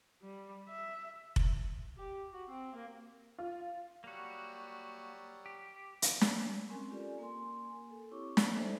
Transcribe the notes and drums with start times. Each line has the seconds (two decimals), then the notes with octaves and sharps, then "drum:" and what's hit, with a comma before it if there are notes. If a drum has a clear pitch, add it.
0.23 G3
0.69 E5
1.36 drum: kick F1
1.97 G4
2.32 F#4
2.48 C4
2.73 A#3
3.38 F4
4.04 F#3 G3 A#3 F#4
5.46 G4
6.02 drum: hi-hat
6.21 drum: snare
6.70 G#3 C4 C#4 A#4 G#5
6.90 C#4 F4 G4 A4 A#4 D5
7.18 A#3 A#4 G#5 C6
7.91 A4
8.11 C4 E4 G4 C#5 C#6 D6
8.37 drum: snare
8.54 A3 D#4 A4 C5 D5 E5